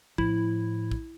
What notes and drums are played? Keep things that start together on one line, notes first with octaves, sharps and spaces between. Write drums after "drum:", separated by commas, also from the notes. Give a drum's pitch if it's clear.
A2 F3 E4, drum: kick
drum: kick